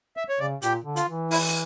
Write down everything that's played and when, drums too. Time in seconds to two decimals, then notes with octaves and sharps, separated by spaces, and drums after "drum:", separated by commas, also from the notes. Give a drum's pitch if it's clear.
0.17 E5
0.29 C#5
0.39 C#3 D5
0.62 A#2 G4, drum: hi-hat
0.85 D3
0.96 F4, drum: hi-hat
1.07 E3
1.31 E4, drum: open hi-hat
1.48 drum: hi-hat